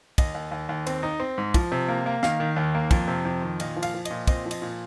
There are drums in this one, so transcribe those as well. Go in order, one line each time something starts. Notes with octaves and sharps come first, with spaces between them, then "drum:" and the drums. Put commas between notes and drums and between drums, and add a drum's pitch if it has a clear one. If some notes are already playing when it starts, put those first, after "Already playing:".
D#2 D#5, drum: kick, cymbal
D#2
D#2
D#2
C4, drum: cymbal
D#4
C4
G#2
F3, drum: kick, cymbal
C3
A#3
A#3
D#3 F5, drum: snare
D#3
D#2
A#3
F2, drum: kick, cymbal
C3
F2
D#3
A#2 D#5, drum: cymbal
F3
F5, drum: cymbal
F3
D#5, drum: cymbal
A#2
C4 D#5, drum: kick, cymbal
F3
D#5, drum: cymbal
A#2